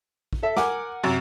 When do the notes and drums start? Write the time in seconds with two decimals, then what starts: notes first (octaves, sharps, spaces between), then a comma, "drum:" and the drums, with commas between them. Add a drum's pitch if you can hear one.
0.33 drum: kick
0.43 A4 E5
0.57 A#4 F#5 G#5 D6, drum: snare
1.03 F#2 C3